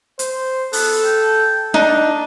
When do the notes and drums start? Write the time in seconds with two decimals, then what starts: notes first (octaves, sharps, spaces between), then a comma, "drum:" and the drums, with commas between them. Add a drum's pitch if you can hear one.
0.19 C5, drum: hi-hat
0.73 B3 A4, drum: open hi-hat
1.04 G5
1.74 D4 D#4 F#5